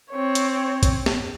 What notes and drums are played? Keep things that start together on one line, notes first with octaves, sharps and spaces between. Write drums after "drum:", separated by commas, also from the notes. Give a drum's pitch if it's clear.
C4 C#5
drum: hi-hat
drum: kick, hi-hat
drum: snare